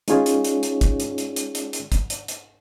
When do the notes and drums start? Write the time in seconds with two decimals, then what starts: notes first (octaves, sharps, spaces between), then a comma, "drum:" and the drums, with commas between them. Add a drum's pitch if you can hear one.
0.08 G#3 C#4 D#4 F4 G#4 C#5, drum: hi-hat
0.26 drum: hi-hat
0.44 drum: hi-hat
0.63 drum: hi-hat
0.81 drum: kick, hi-hat
1.00 drum: hi-hat
1.18 drum: hi-hat
1.36 drum: hi-hat
1.55 drum: hi-hat
1.73 drum: hi-hat
1.92 drum: kick, hi-hat
2.10 drum: hi-hat
2.28 drum: hi-hat